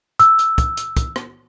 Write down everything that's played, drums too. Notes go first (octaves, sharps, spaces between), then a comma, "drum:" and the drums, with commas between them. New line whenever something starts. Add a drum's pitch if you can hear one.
E6, drum: hi-hat
drum: hi-hat
drum: kick, hi-hat
drum: hi-hat
drum: kick, hi-hat
drum: rim click